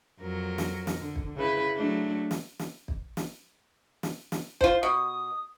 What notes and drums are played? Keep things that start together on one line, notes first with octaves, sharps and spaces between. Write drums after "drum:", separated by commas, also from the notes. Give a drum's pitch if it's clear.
F2 F#3 A#4
drum: snare
drum: snare
D3
drum: kick
C#3 E4 B4
F#3 A3 D4
drum: snare
drum: snare
drum: kick
drum: snare
drum: snare
drum: snare
F4 C5, drum: kick
B2 D#6